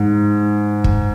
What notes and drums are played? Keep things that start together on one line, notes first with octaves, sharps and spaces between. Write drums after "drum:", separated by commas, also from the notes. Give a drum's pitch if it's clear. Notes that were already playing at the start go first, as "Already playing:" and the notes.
Already playing: G#2
drum: kick